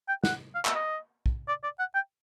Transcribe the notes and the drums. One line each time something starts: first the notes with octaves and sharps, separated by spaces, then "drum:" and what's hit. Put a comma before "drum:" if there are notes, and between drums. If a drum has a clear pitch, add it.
G5
F#5, drum: snare
F5
E5, drum: clap
D#5
drum: kick
D5
D5
F#5
G5